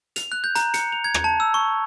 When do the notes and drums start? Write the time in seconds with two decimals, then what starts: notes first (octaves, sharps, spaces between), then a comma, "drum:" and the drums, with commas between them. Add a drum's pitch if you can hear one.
0.16 F7, drum: hi-hat
0.32 F#6
0.44 G6
0.55 A#5, drum: hi-hat
0.74 C#7, drum: hi-hat
0.92 F7
1.04 G#6
1.14 drum: rim click
1.24 A5
1.40 E6
1.54 C#6